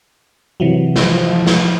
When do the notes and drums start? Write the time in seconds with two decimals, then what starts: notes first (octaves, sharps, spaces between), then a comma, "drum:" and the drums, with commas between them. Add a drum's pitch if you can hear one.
0.60 C3 E3 F#3
0.96 F3, drum: snare
1.47 drum: snare